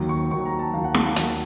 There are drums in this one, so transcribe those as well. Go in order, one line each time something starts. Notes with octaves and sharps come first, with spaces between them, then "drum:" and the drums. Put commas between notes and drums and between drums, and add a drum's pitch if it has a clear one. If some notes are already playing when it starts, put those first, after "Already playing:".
Already playing: D#2 D#3 F#3
C#6
D#2 D#3 F#3 C#6
A#5
A5
D#2 D#3 F#3 F5
F#5
A5, drum: snare
F5
D#2 D#3 F#3, drum: hi-hat